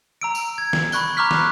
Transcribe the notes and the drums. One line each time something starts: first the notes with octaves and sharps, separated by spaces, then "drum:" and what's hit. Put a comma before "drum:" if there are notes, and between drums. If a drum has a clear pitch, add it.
A#5 E6 D7
drum: tambourine
G#6
drum: snare
B5 C#6 F#6 G7, drum: tambourine
A#5 C#6 D6 F6 F#6 B6
drum: snare